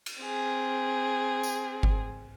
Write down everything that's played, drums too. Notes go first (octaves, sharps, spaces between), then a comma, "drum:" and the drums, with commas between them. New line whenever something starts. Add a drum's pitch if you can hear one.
drum: cymbal
C4 G#4
drum: tambourine
drum: kick G1